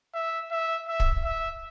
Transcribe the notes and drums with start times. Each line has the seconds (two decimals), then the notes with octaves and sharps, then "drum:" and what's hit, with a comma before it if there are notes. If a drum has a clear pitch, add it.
0.14 E5
0.51 E5
0.88 E5
1.00 drum: kick
1.24 E5